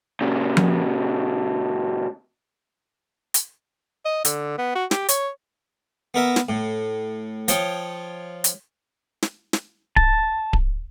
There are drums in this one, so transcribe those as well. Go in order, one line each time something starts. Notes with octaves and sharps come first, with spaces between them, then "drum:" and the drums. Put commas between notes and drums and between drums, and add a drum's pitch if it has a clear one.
A#2 C#3
drum: tom F3
drum: hi-hat
D#5
D3, drum: hi-hat
B3
F#4
G4, drum: snare
C#5, drum: hi-hat
B3 A#4 E5
drum: snare
A2
F3 C#5 G5 D#6, drum: hi-hat
drum: hi-hat
drum: snare
drum: snare
A5, drum: kick D1
drum: kick D1